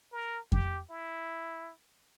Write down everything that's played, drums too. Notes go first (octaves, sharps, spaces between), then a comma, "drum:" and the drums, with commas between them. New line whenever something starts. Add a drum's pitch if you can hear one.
A#4
G4, drum: kick F2
E4